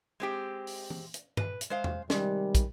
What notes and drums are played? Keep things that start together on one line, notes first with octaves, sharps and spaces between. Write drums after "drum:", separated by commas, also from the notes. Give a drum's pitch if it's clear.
G#3 C4 G4
drum: open hi-hat
drum: tom
drum: hi-hat
B4, drum: tom G2
drum: hi-hat
G#3 C5 F5
drum: tom E2
C3 D#3 G3 G#3, drum: snare
drum: kick, hi-hat